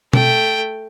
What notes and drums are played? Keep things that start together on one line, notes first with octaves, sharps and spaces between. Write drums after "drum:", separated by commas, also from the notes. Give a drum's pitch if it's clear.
A3 G5, drum: tom B2